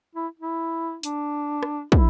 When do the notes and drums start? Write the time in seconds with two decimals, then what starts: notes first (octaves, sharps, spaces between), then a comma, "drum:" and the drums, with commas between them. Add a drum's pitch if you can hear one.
0.15 E4
0.39 E4
1.03 D4, drum: hi-hat
1.63 drum: rim click
1.92 E4, drum: kick